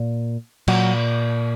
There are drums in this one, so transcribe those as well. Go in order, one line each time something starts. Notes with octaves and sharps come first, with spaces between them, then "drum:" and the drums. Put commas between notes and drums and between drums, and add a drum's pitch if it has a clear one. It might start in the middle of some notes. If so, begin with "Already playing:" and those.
Already playing: A#2
A#2 F#3, drum: cymbal